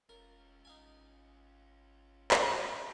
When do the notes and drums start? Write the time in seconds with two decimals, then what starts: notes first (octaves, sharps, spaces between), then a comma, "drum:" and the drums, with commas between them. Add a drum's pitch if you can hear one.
0.09 F1 C#4 F4 A#4
0.65 G#1 D#4 F5 G#5
2.31 drum: clap